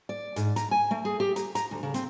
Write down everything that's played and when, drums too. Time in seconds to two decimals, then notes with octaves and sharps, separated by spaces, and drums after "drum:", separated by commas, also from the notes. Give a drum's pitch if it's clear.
0.09 D5
0.36 G#2, drum: hi-hat
0.56 A#5, drum: hi-hat
0.71 G#5
0.91 A3
1.05 G#4
1.20 G4
1.36 A#5, drum: hi-hat
1.55 A#5, drum: hi-hat
1.71 D2
1.83 C#3
1.94 C4, drum: hi-hat